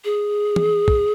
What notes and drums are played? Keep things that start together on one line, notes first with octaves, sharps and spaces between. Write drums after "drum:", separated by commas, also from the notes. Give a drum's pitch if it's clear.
G#4
drum: tom E3
drum: kick